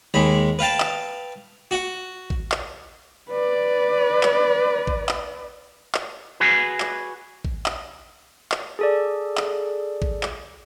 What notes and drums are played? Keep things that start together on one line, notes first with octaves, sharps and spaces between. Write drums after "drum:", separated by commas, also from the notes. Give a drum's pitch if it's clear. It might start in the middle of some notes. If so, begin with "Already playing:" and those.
D#2 G#3 B5
B4 F5 G5 A5
drum: clap
F#4 F#5
drum: kick A1
drum: clap
B4 D5
drum: clap
drum: kick A1
drum: clap
drum: clap
F#4 G#4 B4
drum: clap
drum: kick A1
drum: clap
drum: clap
G#4 A4 D5
drum: clap
drum: kick A1
drum: clap